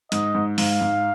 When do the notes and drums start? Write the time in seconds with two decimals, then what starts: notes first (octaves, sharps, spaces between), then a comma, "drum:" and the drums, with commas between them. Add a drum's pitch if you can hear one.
0.12 G#2 D#5, drum: hi-hat
0.35 G#2
0.58 G#2 F5, drum: open hi-hat
0.81 G#2